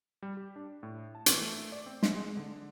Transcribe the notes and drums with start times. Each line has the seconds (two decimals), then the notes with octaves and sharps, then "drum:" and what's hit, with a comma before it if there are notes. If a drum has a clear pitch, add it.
0.22 G3
0.37 G4
0.56 D4
0.83 A2
1.15 A5
1.26 E3, drum: hi-hat
1.41 A3
1.72 D5
1.86 C4
2.03 C6, drum: snare
2.16 G#3
2.37 D3